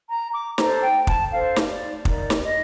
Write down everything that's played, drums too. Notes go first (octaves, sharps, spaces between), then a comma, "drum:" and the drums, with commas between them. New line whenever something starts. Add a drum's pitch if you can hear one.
A#5
D6
D4 A4 C5 A#5, drum: snare
G5
A5, drum: kick
D4 A4 C5 F5
drum: snare
D5
D#4 A#4 D5, drum: kick
drum: snare
D#5